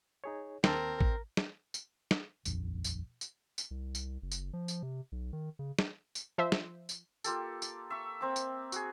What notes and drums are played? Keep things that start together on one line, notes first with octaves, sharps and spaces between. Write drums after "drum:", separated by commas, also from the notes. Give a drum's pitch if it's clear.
D#4 G#4 C#5
D#2 C4 A#4 A5, drum: snare
drum: kick
drum: snare
drum: tambourine
drum: snare
D#1 A#1 F2 D4, drum: tambourine
drum: tambourine
drum: tambourine
drum: tambourine
C2
drum: tambourine
F#1
drum: tambourine
F3
drum: tambourine
C3
B1
D#3
C#3
drum: snare
drum: tambourine
F3 C5 E5
drum: snare
drum: tambourine
A#3 F4 G4 A4, drum: tambourine
D6, drum: tambourine
E5 C#6
A#3 C4 D6
drum: tambourine
F#4 G#4, drum: tambourine